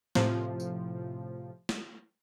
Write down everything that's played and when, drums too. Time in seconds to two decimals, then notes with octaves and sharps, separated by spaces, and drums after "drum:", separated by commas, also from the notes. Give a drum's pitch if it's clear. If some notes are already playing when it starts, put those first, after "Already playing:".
0.15 A2 C3 F3, drum: snare
0.60 drum: tambourine
1.69 drum: snare